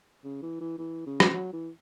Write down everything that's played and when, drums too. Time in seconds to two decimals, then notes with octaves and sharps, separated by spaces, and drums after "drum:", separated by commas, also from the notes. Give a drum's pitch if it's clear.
0.24 C#3
0.42 E3
0.60 E3
0.78 E3
1.06 C#3
1.20 drum: rim click
1.34 F#3
1.53 E3